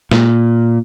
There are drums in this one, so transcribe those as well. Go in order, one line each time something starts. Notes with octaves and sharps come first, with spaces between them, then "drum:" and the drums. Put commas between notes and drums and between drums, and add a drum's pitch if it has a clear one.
A#2, drum: snare